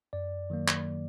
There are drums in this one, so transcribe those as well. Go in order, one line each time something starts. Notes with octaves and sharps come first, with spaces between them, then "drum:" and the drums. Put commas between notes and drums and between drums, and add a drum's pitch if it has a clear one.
F#2 D5
D#3 F#3 A#3
drum: clap